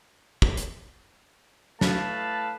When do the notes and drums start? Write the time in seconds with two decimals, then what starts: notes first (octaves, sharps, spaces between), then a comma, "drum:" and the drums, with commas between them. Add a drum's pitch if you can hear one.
0.42 drum: kick
0.57 drum: hi-hat
1.81 A2 A3 B4 F5 A5, drum: snare